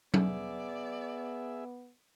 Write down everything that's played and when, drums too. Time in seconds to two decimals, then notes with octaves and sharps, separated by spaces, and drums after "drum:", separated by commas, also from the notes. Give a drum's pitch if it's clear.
0.14 B3 G#4 D5 E5, drum: tom F#3